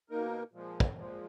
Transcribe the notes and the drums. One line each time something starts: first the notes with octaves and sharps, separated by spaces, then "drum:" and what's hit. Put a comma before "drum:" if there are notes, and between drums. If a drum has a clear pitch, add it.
B2 A#3 D#4 A#4
A#2 F3 G#3
drum: kick
A#2 F3 G#3